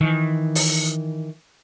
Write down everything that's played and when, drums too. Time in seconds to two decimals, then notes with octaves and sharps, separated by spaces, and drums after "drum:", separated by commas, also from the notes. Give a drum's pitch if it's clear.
0.01 D#3 E3
0.55 drum: open hi-hat